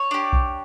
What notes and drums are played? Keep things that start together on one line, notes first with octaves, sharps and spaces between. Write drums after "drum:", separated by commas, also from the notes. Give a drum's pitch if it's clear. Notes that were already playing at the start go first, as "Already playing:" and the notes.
Already playing: C#5
D4 G4
drum: kick B1